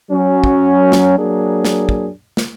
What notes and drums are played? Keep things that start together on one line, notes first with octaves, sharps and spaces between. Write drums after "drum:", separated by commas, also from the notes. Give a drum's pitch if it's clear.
F#3 C#4
drum: kick
drum: snare
F#3 A#3 D4 G#4
drum: snare
drum: kick
drum: snare